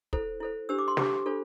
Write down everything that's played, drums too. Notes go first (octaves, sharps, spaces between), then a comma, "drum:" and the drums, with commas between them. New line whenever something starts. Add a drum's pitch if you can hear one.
E4 A4 C5, drum: kick
E4 A4 C5
D4 G4 C5 E6
D6
C6
D4 G4 C5 D6, drum: snare
D4 F4 A4 C5